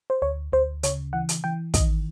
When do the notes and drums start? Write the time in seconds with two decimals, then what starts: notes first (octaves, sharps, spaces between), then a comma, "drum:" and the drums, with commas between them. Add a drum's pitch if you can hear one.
0.10 C5
0.22 D2 C#5
0.52 D2 C5
0.83 C#3 C#5, drum: hi-hat
1.13 E3 F#5
1.29 drum: hi-hat
1.44 E3 G5
1.74 D#3 D#5, drum: kick, hi-hat